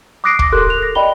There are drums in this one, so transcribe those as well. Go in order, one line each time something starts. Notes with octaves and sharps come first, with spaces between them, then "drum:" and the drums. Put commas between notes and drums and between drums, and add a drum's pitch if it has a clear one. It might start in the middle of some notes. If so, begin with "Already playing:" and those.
D6 D#6 F#6 A#6 C7 D7
D6 A#6, drum: kick
G4 A4 A#4 C6 F#6
F#6 F7
A#6
D5 D#5 G5 B5 G7